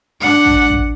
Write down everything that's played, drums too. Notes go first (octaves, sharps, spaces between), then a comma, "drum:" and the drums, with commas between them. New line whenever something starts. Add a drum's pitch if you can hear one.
D4 F#5
drum: kick A1
drum: kick A1